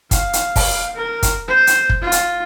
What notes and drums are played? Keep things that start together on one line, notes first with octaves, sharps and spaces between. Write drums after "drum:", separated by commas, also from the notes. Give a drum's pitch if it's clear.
F5, drum: kick, hi-hat
drum: hi-hat
drum: kick, open hi-hat
A#4
drum: kick, hi-hat
C5
drum: hi-hat
drum: kick
F4
drum: hi-hat